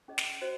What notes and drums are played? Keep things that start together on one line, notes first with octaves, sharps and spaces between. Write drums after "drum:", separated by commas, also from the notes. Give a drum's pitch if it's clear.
C#4 G#4 D#5
drum: snare
F#4 C5 D#5